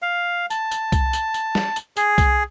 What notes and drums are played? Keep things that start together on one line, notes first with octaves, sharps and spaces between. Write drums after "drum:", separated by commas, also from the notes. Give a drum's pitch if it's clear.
F5
A5, drum: tambourine
drum: tambourine
drum: kick C2, tambourine
drum: tambourine
drum: tambourine
drum: snare
drum: tambourine
G#4, drum: tambourine
drum: kick C2, tambourine